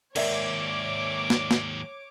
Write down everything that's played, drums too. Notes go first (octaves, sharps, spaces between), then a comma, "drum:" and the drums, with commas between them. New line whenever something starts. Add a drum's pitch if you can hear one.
D#2 G#2 A#4 C#5 D5 E5 D6, drum: cymbal
drum: snare
drum: snare